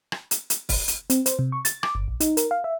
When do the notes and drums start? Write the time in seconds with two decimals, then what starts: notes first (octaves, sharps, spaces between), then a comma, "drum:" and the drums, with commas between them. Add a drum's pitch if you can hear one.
0.12 drum: rim click
0.31 drum: hi-hat
0.50 drum: hi-hat
0.69 drum: kick, open hi-hat
0.88 drum: hi-hat
1.10 C4, drum: hi-hat
1.26 C5, drum: hi-hat
1.39 C3
1.52 C#6
1.65 A6, drum: hi-hat
1.83 D6, drum: rim click
1.95 G1
2.08 A#1
2.20 D#4, drum: hi-hat
2.37 A#4, drum: hi-hat
2.51 F5
2.64 E5